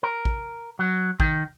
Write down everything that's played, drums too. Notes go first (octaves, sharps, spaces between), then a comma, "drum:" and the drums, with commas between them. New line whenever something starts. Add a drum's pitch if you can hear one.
A#4
drum: kick
F#3
D#3, drum: kick